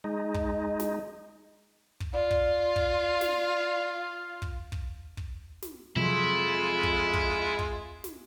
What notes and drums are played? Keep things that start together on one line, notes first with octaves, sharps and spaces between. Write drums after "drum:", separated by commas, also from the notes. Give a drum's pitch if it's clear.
G#3 D#4
drum: kick
drum: snare
drum: kick
F4 D5 F5
drum: kick
drum: kick
drum: snare
drum: kick
drum: kick
drum: kick
drum: snare
F2 C3 F3 F#3 G#3 E4 F4
drum: kick
drum: kick
drum: kick
drum: snare